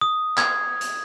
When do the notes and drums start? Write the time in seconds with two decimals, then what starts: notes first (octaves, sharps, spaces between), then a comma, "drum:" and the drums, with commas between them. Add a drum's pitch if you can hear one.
0.01 D#6
0.38 G#6, drum: clap
0.81 drum: hi-hat